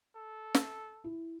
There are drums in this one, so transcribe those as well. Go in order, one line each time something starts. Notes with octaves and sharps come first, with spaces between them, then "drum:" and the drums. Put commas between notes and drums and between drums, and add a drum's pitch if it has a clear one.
A4
drum: snare
E4